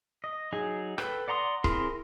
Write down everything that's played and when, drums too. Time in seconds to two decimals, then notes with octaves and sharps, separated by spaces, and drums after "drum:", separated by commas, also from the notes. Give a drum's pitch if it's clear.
0.24 D#5
0.52 F#3 D#4 G#4
0.98 A4 B4 G5, drum: rim click
1.28 D5 F#5 A#5 C6 D#6
1.64 C4 E4 G#4 A#4 C6, drum: kick C#1